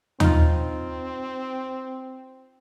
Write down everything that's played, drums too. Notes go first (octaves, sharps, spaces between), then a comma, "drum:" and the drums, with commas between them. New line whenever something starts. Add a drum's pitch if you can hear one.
C4 D#4 F4, drum: tom